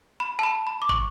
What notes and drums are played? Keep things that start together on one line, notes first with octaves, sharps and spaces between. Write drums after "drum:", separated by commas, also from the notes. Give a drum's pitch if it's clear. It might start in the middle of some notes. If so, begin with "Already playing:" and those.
B5
A5
B5
B5
D6
C#6, drum: kick